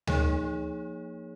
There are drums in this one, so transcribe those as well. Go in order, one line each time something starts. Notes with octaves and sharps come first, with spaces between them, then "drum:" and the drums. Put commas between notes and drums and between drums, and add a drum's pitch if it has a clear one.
F3 A#3 D#4 G#4 C#5, drum: tom D2